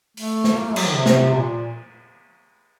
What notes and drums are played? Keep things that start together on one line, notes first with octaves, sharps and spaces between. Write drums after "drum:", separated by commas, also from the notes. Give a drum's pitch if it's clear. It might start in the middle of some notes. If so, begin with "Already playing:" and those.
A3, drum: open hi-hat
drum: snare
A#3
A3
F#3, drum: cymbal
D#3
C3
drum: snare
C3
A#2